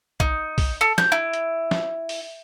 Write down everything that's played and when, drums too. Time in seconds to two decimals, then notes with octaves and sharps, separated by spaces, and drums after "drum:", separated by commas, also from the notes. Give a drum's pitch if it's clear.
0.20 D#4, drum: kick
0.58 drum: kick, open hi-hat
0.81 A4
0.98 G6, drum: snare
1.12 E4
1.33 drum: hi-hat
1.71 drum: snare
2.09 drum: open hi-hat